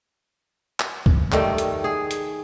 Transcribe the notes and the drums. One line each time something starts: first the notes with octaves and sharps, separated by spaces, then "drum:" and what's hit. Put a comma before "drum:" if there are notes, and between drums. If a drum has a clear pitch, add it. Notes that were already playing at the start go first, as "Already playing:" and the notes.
drum: clap
drum: kick
D#3 G3 A3, drum: clap
drum: hi-hat
G#4
drum: hi-hat